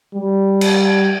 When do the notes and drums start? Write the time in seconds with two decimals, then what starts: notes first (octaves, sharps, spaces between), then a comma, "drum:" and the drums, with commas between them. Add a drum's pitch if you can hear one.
0.15 G3
0.61 drum: cymbal